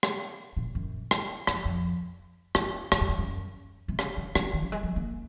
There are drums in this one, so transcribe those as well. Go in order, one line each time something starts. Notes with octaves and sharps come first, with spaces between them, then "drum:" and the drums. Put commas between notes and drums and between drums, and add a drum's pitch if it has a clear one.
drum: rim click
A#2
F#2
drum: rim click
F2, drum: rim click
F2
F#2, drum: rim click
F2, drum: rim click
F#2
F2
F#2
C3
C#3, drum: rim click
C3
C#3, drum: rim click
D#3
F#3
G#3
F#3
A#3